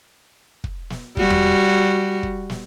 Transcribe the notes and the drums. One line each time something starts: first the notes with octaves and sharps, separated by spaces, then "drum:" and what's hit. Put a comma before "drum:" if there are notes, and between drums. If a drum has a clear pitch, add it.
drum: kick
drum: snare
G3 F#4, drum: kick
drum: tom E2
drum: kick
drum: snare